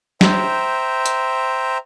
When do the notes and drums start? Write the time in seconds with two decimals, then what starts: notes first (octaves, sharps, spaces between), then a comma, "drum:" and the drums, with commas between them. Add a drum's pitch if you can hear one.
0.21 C5 E5 G5 A#5, drum: snare
1.06 drum: hi-hat